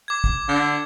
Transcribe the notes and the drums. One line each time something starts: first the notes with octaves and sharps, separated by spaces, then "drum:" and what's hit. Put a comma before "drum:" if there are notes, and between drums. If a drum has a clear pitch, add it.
D6 G#6
drum: kick
D3